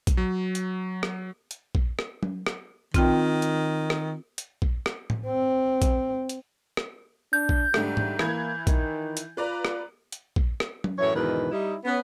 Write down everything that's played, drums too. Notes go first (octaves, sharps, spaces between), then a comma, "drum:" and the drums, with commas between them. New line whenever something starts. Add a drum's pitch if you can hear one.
drum: kick A#1, hi-hat
F#3
drum: hi-hat
drum: rim click
drum: hi-hat
drum: kick A#1
drum: rim click
drum: tom F#3
drum: rim click
D#3 C4 F4 G5, drum: kick A#1, hi-hat
drum: hi-hat
drum: rim click
drum: hi-hat
drum: kick A#1
drum: rim click
drum: tom A2
C4
drum: kick A#1, hi-hat
drum: hi-hat
drum: rim click
D4 G6
drum: kick A#1
G#2 D3 G3 A3, drum: rim click
drum: tom G#2
E3 A#3 B5 G#6, drum: rim click
D#3, drum: kick A#1, hi-hat
drum: hi-hat
F4 B4 D5 A#5
drum: rim click
drum: hi-hat
drum: kick A#1
drum: rim click
drum: tom F#3
F#2 A2 E3 C#5
E2 G#2 B2 D3 D#3 B4
G3 D#4 E4
B3 C#4